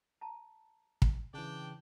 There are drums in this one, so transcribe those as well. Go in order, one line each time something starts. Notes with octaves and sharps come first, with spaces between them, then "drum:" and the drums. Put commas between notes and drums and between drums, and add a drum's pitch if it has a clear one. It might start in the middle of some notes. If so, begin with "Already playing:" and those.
A5 A#5
drum: kick
C#3 E3 D4 D5 G5